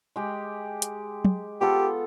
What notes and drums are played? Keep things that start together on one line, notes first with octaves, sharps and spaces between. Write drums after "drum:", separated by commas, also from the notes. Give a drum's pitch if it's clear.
G#3 G4
drum: hi-hat
drum: tom
B3 F4 G4 A4